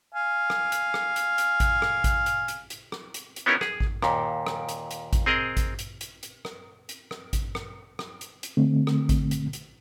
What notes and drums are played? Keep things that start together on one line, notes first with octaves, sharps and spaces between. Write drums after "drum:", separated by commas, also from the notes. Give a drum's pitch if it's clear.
F5 G#5
drum: rim click
drum: hi-hat
drum: rim click
drum: hi-hat
drum: hi-hat
drum: kick A1, hi-hat
drum: rim click
drum: kick A1, hi-hat
drum: hi-hat
drum: hi-hat
drum: hi-hat
drum: rim click
drum: hi-hat
drum: hi-hat
B3 C#4 D#4 E4 G4 A#4
G#4, drum: rim click
drum: kick A1
D#2 A#2, drum: rim click
drum: rim click
drum: hi-hat
drum: hi-hat
drum: kick A1, hi-hat
C4 G#4 A#4 D#5
drum: kick A1, hi-hat
drum: hi-hat
drum: hi-hat
drum: hi-hat
drum: rim click
drum: hi-hat
drum: rim click
drum: kick A1, hi-hat
drum: rim click
drum: rim click
drum: hi-hat
drum: hi-hat
D3 A3 C4
drum: rim click
drum: kick A1, hi-hat
drum: hi-hat
drum: hi-hat